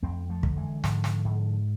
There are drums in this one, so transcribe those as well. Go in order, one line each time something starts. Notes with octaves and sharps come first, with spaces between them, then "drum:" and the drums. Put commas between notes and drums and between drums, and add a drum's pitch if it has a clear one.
F2 A3 C4
F3 A3
D3, drum: kick
E3 G#3
G#2 D3 F3, drum: snare
drum: snare
G#2